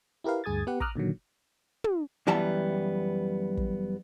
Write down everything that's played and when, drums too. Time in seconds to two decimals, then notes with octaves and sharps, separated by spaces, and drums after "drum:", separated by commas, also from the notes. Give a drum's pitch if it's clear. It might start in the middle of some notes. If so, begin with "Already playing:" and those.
0.24 E4 G4 A#4 B4 F5
0.44 D2 G2 G#4 D#6 G#6 A6
0.67 B3 G4 B4 F#5
0.80 A#5 D6 D#6 F6 F#6, drum: kick
0.96 A#2 D3 D#3 F#3
1.84 drum: tom
2.27 F#2 E3 G3 B3 A5 A#5
3.57 drum: kick